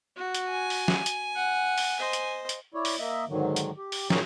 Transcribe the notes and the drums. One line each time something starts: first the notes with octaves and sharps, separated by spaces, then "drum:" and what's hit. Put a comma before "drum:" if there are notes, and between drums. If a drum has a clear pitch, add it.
F#4
drum: hi-hat
G#5
drum: open hi-hat
drum: snare
drum: hi-hat
F#5
drum: open hi-hat
C5 D#5
drum: hi-hat
drum: hi-hat
E4 C#5 D5
drum: open hi-hat
A#3 D#5 E5
G#2 D3 D#3 F#3
drum: hi-hat
G4
drum: open hi-hat
A#2 D#3 G#4 C#5 A#5, drum: snare